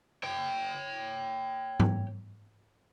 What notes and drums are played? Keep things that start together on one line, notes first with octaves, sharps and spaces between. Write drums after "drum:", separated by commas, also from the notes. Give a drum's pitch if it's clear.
C#5 G5
drum: tom G#2